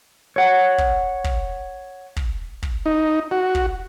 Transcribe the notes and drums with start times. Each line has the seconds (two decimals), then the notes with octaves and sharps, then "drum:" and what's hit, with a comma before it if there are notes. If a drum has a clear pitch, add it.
0.36 C#5 F#5
0.78 drum: kick
1.24 drum: kick
2.16 drum: kick
2.63 drum: kick
2.86 D#4
3.31 F#4
3.55 drum: kick